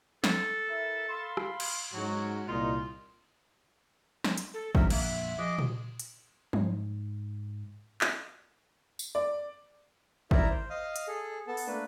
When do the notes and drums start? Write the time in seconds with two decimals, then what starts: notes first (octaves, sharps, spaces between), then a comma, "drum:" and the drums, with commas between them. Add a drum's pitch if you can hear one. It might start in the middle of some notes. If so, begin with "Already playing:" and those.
0.24 A4, drum: snare
0.68 E4 A#4 E5
1.10 F5 B5 C6
1.37 drum: rim click
1.60 drum: cymbal
1.94 G#2 F#3 C#4 F#4
2.48 C2 A#2 D#4 F4
4.24 drum: snare
4.37 drum: hi-hat
4.54 A4
4.75 A#1 G#3 A#4 E5, drum: kick
4.90 A#1 F2 A#3 E5, drum: cymbal
5.02 F#5
5.38 F3 G#4 D#5 D6
5.59 drum: tom A#2
6.00 drum: hi-hat
6.53 G#2, drum: tom F3
8.01 drum: clap
8.99 drum: tambourine
9.15 D5
10.31 E4 A#4 D5 E5 A#5, drum: kick
10.50 C5
10.70 D#5 F5 D#6 F6
10.96 drum: hi-hat
11.07 G#4 A4
11.47 B3 A4 A5
11.57 drum: open hi-hat
11.67 A3 A#3 D4 B4